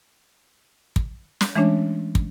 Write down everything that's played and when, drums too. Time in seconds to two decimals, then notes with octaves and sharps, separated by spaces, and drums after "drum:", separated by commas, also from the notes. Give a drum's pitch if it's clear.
0.96 drum: kick
1.41 drum: snare
1.55 E3 G#3 A3 C#4 D4 C#5
2.15 drum: kick